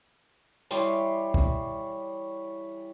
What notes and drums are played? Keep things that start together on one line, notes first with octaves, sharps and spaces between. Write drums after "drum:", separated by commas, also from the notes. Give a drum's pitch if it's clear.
E3 G3 C#5 C6, drum: hi-hat
drum: kick